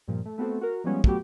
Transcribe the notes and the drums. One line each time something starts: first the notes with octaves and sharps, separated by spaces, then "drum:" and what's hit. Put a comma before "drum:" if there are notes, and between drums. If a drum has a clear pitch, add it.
G2 A#2 F3
A3
A3 B3 C4 F#4 A4
F#4 A#4
F3 G3 G#3 B3 C#4
F#3 A3 B3 F#4 G4, drum: kick